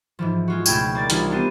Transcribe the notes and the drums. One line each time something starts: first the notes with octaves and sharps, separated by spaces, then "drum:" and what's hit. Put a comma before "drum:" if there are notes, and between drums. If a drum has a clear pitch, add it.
G#2 E3 F3
G#3 F4 F#4
C#2 B2 A3 E4 G5 G#6, drum: tambourine
A#3 D5 A6
C2 E3 D4 D#4 F4, drum: hi-hat
B3 D4 G4 C5 D#7